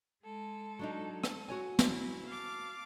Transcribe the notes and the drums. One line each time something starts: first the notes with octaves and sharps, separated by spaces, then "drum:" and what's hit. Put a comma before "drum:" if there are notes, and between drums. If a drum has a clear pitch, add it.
G#3 A4
F#3 D4 D#4
drum: rim click
F#4 C#5 G#5
drum: snare
E4
F5 A5 D6